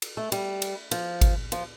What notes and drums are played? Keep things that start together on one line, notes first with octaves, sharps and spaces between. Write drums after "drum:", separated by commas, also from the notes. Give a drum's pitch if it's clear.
drum: cymbal
A3
G3, drum: cymbal
drum: cymbal
F3, drum: cymbal
drum: kick G#1, cymbal
F3, drum: cymbal